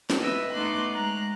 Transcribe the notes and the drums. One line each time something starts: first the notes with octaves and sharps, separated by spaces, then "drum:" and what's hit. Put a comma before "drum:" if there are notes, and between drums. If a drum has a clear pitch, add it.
drum: snare
B4 D#5 E5 E6
A3 B3 D#4 C6 D6 F#6
G#3 A#5 F#6